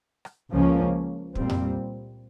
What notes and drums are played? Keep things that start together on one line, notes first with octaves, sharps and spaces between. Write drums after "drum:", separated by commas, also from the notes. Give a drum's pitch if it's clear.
drum: rim click
C#2 C#3 F3 A#3 C#4
A#2 G3 C4, drum: kick
drum: tom F2